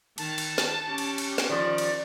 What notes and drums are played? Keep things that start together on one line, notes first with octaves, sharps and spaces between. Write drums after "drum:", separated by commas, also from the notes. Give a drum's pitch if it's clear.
D#3 A5, drum: cymbal
drum: cymbal
drum: snare
C#4 G4
drum: cymbal
drum: cymbal
drum: snare
D#3 F3 D5
drum: cymbal